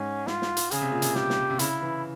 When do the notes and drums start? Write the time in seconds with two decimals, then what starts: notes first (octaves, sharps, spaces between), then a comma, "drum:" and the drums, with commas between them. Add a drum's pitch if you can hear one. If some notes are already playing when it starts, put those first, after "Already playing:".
Already playing: G#2 C#4
0.27 F4, drum: snare
0.42 drum: snare
0.57 drum: hi-hat
0.71 C#3 G#4, drum: hi-hat
0.82 C3
0.92 A#2
1.02 C3, drum: hi-hat
1.15 G4, drum: snare
1.30 drum: snare
1.50 C3
1.59 C#3 E4, drum: hi-hat
1.82 E3